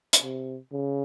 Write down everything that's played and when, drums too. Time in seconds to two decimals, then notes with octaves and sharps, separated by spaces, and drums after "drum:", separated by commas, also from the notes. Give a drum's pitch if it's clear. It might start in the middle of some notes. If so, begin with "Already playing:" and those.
0.13 drum: hi-hat
0.22 C3
0.72 C#3